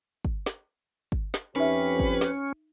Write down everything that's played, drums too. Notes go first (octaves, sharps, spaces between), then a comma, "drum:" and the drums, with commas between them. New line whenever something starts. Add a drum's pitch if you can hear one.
drum: kick
drum: snare
drum: kick
drum: snare
F2 C#4 D#4 G4 B4 C5 E5
drum: kick
drum: snare